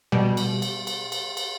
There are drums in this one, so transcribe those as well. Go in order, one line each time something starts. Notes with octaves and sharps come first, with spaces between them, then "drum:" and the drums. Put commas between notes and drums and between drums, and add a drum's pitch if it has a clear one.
B2 G3
drum: cymbal
drum: cymbal
drum: cymbal
drum: cymbal
drum: cymbal